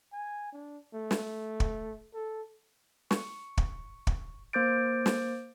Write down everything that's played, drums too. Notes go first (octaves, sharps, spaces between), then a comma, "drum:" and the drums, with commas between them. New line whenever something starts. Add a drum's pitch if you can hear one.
G#5
D4
A3
drum: snare
drum: kick
A4
C#6, drum: snare
drum: kick
drum: kick
A#3 C5 D6 G6 A6 D7
drum: snare